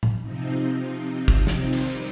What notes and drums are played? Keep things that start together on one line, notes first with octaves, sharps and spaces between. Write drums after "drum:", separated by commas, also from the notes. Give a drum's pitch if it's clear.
drum: tom A2
C3 F3 C4 D#4
drum: kick
drum: snare
D#3 G3 C4 D#4, drum: cymbal